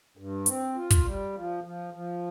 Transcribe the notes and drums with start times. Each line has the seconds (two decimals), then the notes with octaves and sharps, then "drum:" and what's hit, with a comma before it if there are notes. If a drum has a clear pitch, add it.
0.17 G2
0.46 C4, drum: hi-hat
0.76 F4
0.90 drum: kick, hi-hat
1.05 G3
1.34 F3
1.64 F3
1.93 F3